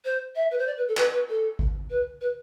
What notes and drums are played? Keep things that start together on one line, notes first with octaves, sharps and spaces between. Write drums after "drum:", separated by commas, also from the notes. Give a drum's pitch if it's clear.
C5
E5
B4
C5
D5
B4
A4
B4, drum: clap
B4
A4
drum: kick G#1
B4
B4